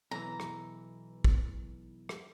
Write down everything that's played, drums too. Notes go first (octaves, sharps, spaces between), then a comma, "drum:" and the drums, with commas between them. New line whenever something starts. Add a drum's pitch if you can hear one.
B1 E3 A#5
drum: rim click
drum: kick
drum: rim click